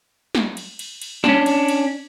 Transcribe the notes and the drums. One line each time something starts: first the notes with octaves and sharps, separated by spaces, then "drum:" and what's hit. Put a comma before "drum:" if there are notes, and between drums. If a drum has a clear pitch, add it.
drum: snare
drum: cymbal
drum: cymbal
drum: cymbal
C#4 D4, drum: snare
drum: cymbal
drum: cymbal